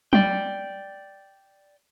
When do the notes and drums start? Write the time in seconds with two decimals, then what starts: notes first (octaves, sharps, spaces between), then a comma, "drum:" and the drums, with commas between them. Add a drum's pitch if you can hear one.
0.13 D5 G5, drum: tom F#3